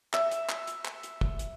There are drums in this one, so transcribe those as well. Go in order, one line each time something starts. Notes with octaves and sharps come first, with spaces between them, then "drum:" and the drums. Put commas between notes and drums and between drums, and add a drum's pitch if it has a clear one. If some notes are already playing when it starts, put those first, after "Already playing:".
E5, drum: clap
drum: hi-hat
drum: clap
drum: hi-hat
drum: clap
drum: hi-hat
drum: kick
drum: hi-hat